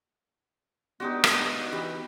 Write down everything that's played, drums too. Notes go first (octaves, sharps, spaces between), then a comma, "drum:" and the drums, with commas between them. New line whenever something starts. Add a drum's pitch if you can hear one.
G#3 B3 D4 D#4 F#4 G4
drum: rim click
E3 G4 B4